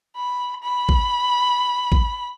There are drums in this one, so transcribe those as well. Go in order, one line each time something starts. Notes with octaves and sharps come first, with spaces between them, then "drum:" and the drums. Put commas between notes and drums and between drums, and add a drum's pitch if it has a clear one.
B5
B5
drum: kick A1
drum: kick A1